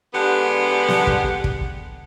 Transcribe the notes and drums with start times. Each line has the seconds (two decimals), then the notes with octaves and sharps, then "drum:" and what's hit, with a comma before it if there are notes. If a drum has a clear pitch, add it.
0.14 D3 G#3 B3 D4 G4 F#5
0.88 drum: snare B3
1.07 drum: kick
1.44 drum: kick